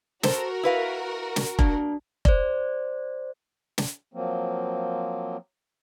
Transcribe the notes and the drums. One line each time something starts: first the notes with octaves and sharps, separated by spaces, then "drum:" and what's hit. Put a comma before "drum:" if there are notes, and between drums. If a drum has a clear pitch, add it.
F#4 A4 A#4 C5, drum: snare
E4 B4 F5
drum: snare
A#3 D4, drum: kick F1
C5 D5, drum: kick F1
drum: snare
F3 F#3 A#3 C4